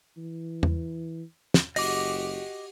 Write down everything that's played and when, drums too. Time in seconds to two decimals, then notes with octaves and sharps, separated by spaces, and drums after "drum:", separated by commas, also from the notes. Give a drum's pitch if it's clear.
0.17 E3
0.63 drum: tom E2
1.54 drum: snare
1.76 F#1 F#4 G4 D#5 D6, drum: open hi-hat